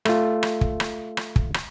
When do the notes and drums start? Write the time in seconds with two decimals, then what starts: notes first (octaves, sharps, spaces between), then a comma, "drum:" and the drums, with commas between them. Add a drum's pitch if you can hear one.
0.05 A3 F4, drum: rim click
0.43 drum: rim click
0.61 drum: kick
0.80 drum: rim click
1.17 drum: rim click
1.36 drum: kick
1.54 drum: rim click